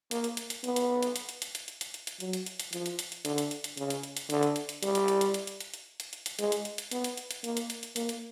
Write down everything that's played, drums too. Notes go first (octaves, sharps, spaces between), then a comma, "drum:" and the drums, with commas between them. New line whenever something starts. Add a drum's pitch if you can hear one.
A#3, drum: hi-hat
drum: hi-hat
drum: hi-hat
drum: hi-hat
B3, drum: hi-hat
drum: hi-hat
drum: hi-hat
drum: hi-hat
drum: hi-hat
drum: hi-hat
drum: hi-hat
drum: hi-hat
drum: hi-hat
drum: hi-hat
drum: hi-hat
F#3, drum: hi-hat
drum: hi-hat
drum: hi-hat
drum: hi-hat
F3, drum: hi-hat
drum: hi-hat
drum: hi-hat
drum: hi-hat
D3, drum: hi-hat
drum: hi-hat
drum: hi-hat
drum: hi-hat
C#3, drum: hi-hat
drum: hi-hat
drum: hi-hat
drum: hi-hat
D3, drum: hi-hat
drum: hi-hat
drum: hi-hat
drum: hi-hat
G3, drum: hi-hat
drum: hi-hat
drum: hi-hat
drum: hi-hat
drum: hi-hat
drum: hi-hat
drum: hi-hat
drum: hi-hat
drum: hi-hat
drum: hi-hat
drum: hi-hat
G#3, drum: hi-hat
drum: hi-hat
drum: hi-hat
drum: hi-hat
B3, drum: hi-hat
drum: hi-hat
drum: hi-hat
drum: hi-hat
A#3, drum: hi-hat
drum: hi-hat
drum: hi-hat
drum: hi-hat
A#3, drum: hi-hat
drum: hi-hat